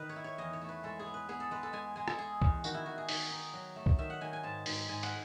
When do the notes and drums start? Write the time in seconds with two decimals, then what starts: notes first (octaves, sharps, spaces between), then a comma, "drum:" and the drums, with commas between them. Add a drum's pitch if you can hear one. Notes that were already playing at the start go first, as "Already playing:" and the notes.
Already playing: D#3 B4
0.09 C#5
0.16 E4
0.24 C#5
0.38 E2 D#5
0.53 C#5
0.61 A3
0.68 B4
0.83 G#3 A4
0.99 G#4
1.06 B3
1.14 B4
1.28 B3 G#4
1.40 A4
1.51 G#3 B4
1.63 A4
1.73 G#3 G#5
1.96 G#3 G#5
2.08 A4, drum: rim click
2.18 G#3 G#4
2.42 E2, drum: kick
2.64 D#3 F#4, drum: tambourine
2.74 E4
2.86 D#3 F#4
2.98 G#4
3.09 D#3, drum: open hi-hat
3.31 D#4
3.53 F#3
3.76 A3
3.86 drum: kick
3.98 D#3 E5
4.10 F#5
4.21 D#3 G#5
4.33 G#5
4.43 G#2 A5
4.66 G#2, drum: open hi-hat
4.88 G#2 G#5
5.03 F#5, drum: cymbal